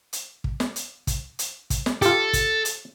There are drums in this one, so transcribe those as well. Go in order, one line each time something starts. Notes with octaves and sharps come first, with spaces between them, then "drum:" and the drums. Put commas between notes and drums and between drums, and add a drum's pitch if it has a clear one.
drum: hi-hat
drum: kick
drum: snare
drum: hi-hat
drum: kick, hi-hat
drum: hi-hat
drum: kick, hi-hat
drum: snare
F4 G4 A4, drum: hi-hat
drum: kick, hi-hat
drum: hi-hat